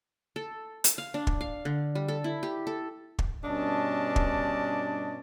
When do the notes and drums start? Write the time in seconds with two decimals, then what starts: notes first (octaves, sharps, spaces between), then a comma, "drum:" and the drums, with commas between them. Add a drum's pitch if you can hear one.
0.36 A4
0.84 drum: hi-hat
0.98 F5
1.14 D4
1.27 drum: kick
1.41 F5
1.65 D3
1.95 G3
2.08 A4
2.24 E4
2.43 G4
2.67 A4
3.19 drum: kick
3.44 G2 B2 C#4 D4 D#5 A5
4.16 drum: kick